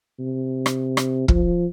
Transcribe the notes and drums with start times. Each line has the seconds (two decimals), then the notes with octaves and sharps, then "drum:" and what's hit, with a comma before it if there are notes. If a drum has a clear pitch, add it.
0.19 C3
0.66 drum: rim click
0.97 drum: rim click
1.28 F3, drum: kick